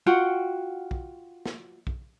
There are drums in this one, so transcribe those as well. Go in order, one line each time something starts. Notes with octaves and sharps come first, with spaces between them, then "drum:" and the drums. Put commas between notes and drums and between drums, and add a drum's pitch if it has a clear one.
F4 F#4 F#5 G5
drum: kick B1
drum: snare
drum: kick B1